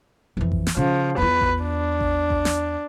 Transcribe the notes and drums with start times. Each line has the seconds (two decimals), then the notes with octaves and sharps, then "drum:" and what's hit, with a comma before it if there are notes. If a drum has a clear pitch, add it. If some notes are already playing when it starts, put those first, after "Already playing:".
0.37 F2 E3
0.52 drum: kick A1
0.67 drum: snare
0.77 C#3 F3
1.18 E2 F4 B4
1.41 drum: kick A1
1.63 D4
2.00 drum: kick A1
2.30 drum: kick A1
2.45 drum: snare